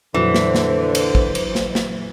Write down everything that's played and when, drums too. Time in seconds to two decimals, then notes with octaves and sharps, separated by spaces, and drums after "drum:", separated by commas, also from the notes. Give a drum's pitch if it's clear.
0.14 F2 A#2 D3 E3 F#3 C5
0.35 drum: snare
0.55 drum: snare
0.95 drum: cymbal
1.15 drum: kick
1.35 drum: cymbal
1.55 drum: snare
1.75 drum: snare